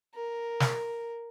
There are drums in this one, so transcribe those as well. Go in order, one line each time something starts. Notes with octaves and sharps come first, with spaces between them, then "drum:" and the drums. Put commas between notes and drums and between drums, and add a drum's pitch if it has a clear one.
A#4
drum: snare